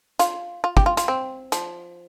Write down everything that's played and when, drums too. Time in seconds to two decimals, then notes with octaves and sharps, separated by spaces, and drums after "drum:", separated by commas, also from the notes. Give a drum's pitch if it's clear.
0.19 F4, drum: hi-hat
0.64 F4
0.77 G4, drum: kick
0.86 F4
0.97 F4, drum: hi-hat
1.08 C4
1.52 F3, drum: hi-hat